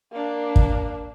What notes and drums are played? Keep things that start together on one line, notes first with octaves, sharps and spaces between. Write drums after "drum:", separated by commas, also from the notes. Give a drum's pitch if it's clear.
A#3 D4
drum: kick